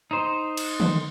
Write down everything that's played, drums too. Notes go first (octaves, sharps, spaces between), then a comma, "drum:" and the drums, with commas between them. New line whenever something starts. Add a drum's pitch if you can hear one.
D#4 C5
drum: cymbal
drum: tom D3